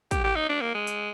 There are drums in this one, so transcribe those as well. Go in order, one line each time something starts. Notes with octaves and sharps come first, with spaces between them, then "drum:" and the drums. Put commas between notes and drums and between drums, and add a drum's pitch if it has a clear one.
G4, drum: kick, hi-hat
G4
D#4
D4
A#3
G#3
drum: hi-hat